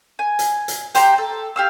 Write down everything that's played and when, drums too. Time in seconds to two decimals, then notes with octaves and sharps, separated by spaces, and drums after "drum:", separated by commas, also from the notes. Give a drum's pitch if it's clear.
0.19 G#5
0.39 drum: hi-hat
0.68 drum: hi-hat
0.95 G4 C5 G5 A#5, drum: hi-hat
1.18 A4
1.56 G4 F5 E6